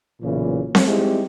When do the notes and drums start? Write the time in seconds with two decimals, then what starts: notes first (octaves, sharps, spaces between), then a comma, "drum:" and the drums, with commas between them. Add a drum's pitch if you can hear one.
0.22 B1 A#2 C#3 E3
0.75 drum: snare C4
0.87 G3 G#3 C4 D#4 E4 G4